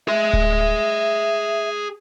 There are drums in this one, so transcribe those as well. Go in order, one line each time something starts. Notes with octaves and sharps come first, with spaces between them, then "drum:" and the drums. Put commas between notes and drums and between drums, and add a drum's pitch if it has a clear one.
G#4 E5 C6
drum: kick D1